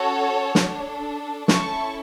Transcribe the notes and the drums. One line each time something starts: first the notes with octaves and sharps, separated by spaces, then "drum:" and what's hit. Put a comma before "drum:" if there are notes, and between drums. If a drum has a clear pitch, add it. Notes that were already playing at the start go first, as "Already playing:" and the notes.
Already playing: C#4 F#4 A4 C#5
D4 A4, drum: snare
C#4 E4 A4 A5 C#6, drum: snare